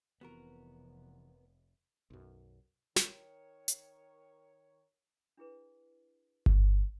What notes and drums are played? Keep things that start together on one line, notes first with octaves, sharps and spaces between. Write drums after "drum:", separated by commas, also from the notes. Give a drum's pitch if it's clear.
F1 C3 E3 F3 B3 F#4 A#4
B1 F#2
D#3 A#4 C#5, drum: snare
drum: hi-hat
D4 E4 G#4 B4
drum: kick G1